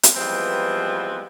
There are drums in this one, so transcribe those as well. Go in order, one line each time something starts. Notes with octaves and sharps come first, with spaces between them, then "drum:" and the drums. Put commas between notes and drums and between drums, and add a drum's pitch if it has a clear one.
drum: hi-hat
E3 F3 G3 G#3 B3 C4